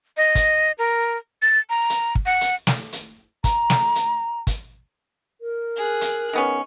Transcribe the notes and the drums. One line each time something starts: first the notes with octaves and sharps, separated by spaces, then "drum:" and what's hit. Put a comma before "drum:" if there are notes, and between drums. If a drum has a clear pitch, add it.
D#5
drum: kick, hi-hat
A#4
A6
A#5
drum: hi-hat
drum: kick
F#5
drum: hi-hat
drum: snare
drum: hi-hat
A#5, drum: kick, hi-hat
drum: snare
drum: hi-hat
drum: kick, hi-hat
A#4
G#4 F#6
drum: hi-hat
D#3 B3 C#4